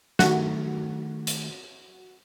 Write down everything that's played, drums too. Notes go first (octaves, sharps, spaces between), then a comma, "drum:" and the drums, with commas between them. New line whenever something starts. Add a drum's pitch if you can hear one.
D#3 A3 F#4, drum: snare
drum: hi-hat